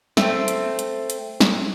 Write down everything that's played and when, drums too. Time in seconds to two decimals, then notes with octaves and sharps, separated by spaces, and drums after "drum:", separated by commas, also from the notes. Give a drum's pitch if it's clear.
0.17 A3 C4, drum: snare
0.48 drum: hi-hat
0.79 drum: hi-hat
1.10 drum: hi-hat
1.41 drum: snare